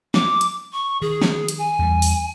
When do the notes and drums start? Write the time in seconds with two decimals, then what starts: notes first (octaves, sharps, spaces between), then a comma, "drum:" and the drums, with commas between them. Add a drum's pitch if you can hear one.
0.14 D6, drum: snare
0.41 drum: hi-hat
0.73 C#6
1.02 D#3 G#4
1.22 drum: snare
1.48 drum: hi-hat
1.58 G#5
1.79 E2 G3
2.02 drum: open hi-hat